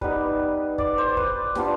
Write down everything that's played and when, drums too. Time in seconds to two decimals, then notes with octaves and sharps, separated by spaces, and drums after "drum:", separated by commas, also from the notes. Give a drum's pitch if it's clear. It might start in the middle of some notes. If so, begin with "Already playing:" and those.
0.01 G3 B3 D#4 B4, drum: kick
0.78 D5, drum: kick
0.98 C5
1.17 B4, drum: kick
1.55 G3 B3 D4 F4, drum: snare